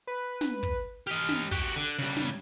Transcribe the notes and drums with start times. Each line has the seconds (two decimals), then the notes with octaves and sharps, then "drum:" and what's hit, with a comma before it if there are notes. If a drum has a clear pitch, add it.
0.07 B4
0.41 drum: snare
0.63 drum: kick
1.07 G4 D#5 F6
1.29 drum: snare
1.51 F#4 G4 F#6, drum: kick
1.76 D3
1.99 C#3 G3
2.16 drum: snare